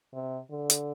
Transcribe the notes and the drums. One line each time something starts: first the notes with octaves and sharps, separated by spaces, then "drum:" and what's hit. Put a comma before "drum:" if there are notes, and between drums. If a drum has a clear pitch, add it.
C3
D3
drum: hi-hat